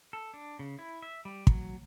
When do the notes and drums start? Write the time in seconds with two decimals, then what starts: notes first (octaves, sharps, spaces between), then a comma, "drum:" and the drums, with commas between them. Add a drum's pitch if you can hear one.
0.13 A4
0.34 D4
0.59 C#3
0.79 E4
1.02 E5
1.25 G3
1.47 F#3, drum: kick